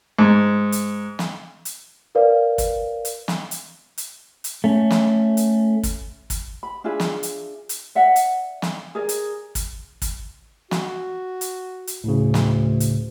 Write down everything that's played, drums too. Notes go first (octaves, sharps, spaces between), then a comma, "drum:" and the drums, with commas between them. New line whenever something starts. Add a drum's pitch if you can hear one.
G#2
drum: hi-hat
drum: snare
drum: hi-hat
A#4 B4 D5 F5
drum: kick, hi-hat
drum: hi-hat
drum: snare
drum: hi-hat
drum: hi-hat
drum: hi-hat
A3 C#4
drum: snare
drum: hi-hat
drum: kick, hi-hat
drum: kick, hi-hat
B5
D4 F4 G#4 E5
drum: snare
drum: hi-hat
drum: hi-hat
D5 E5 F#5
drum: hi-hat
drum: snare
G#4 A#4 D5
drum: hi-hat
drum: kick, hi-hat
drum: kick, hi-hat
F#4, drum: snare
drum: hi-hat
drum: hi-hat
D2 A2 C#3
drum: snare
drum: hi-hat